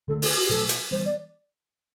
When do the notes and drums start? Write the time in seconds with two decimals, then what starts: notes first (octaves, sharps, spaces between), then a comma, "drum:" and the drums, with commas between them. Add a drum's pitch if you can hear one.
0.08 D3 A3 D4 A4
0.22 A4, drum: open hi-hat
0.37 F#4
0.45 G4
0.50 B2 F#3 A3 A4
0.69 drum: hi-hat
0.91 E3 G3 B3 C5
1.05 D5